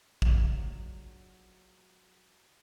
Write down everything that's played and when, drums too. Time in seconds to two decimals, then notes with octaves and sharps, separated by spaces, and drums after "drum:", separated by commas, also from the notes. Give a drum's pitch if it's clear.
0.22 F#3 G#3 A#3 D4 F4, drum: kick